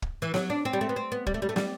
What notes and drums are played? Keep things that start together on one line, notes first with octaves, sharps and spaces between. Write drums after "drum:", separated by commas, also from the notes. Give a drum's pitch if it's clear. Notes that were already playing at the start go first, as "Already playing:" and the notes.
drum: kick
E3
F#3, drum: snare
D4
C4
G3
A3
B3
C4
B3
G3, drum: kick
A3
G3
A3
G3, drum: snare